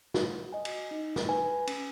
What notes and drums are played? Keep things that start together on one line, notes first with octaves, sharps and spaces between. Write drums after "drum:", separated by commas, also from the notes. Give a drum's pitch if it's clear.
F#4, drum: snare
D#5 G#5
drum: cymbal
D#4
drum: snare
B4 G#5
C#4, drum: cymbal